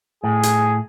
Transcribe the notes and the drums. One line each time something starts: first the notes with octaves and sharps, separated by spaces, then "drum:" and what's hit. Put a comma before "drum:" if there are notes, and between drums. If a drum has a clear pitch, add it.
A2 G#4
drum: hi-hat